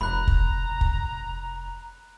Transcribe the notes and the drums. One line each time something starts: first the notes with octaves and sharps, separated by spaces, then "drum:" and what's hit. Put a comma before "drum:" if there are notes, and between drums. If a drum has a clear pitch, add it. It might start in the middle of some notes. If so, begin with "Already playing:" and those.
F1 A#5 B5 F#6
drum: kick
drum: kick